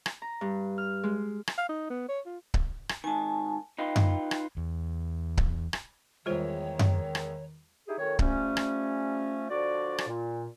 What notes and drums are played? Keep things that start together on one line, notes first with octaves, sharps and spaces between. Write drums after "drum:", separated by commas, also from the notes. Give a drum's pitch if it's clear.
drum: rim click
A#5
G2
F6
G#3
drum: rim click
F5
D#4
B3
C#5
F4
drum: kick C#1
drum: rim click
G#2 D#3 G#5 A5
D#4 F4 B4 G5
drum: tom F#2
drum: rim click
E2
drum: kick C#1
drum: rim click
E2 D#3 G3 G#3 F4 C5 C#5
drum: tom F#2
drum: rim click
D#4 E4 G4 G#4
F#2 A2 D#3 C#5
F3 G3 A3 C#4, drum: kick C#1
drum: rim click
D3 F3 F#4 D5
drum: rim click
A#2